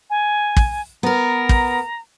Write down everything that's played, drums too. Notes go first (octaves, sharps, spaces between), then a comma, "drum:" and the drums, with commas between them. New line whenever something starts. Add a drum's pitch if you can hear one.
G#5
drum: kick
B3 A#4 A#5
drum: kick